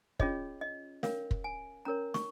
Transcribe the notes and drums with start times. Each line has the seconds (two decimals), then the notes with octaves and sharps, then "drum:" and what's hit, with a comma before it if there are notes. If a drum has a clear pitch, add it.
0.19 C#4 F4 G#4 C#5 D#5, drum: kick
0.61 D#5
1.03 C#4 A#4 C#5 F5, drum: snare
1.31 drum: kick
1.44 G#5
1.85 C#4 A#4 C#5 A#5
2.14 C#6, drum: snare